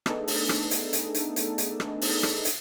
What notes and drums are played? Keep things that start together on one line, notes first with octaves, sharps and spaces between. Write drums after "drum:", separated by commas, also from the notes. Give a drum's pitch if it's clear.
A3 B3 D4 D#4 G#4 A4, drum: rim click
drum: open hi-hat
drum: rim click
drum: hi-hat
drum: hi-hat
drum: hi-hat
drum: hi-hat
drum: hi-hat
drum: rim click
drum: open hi-hat
drum: rim click
drum: hi-hat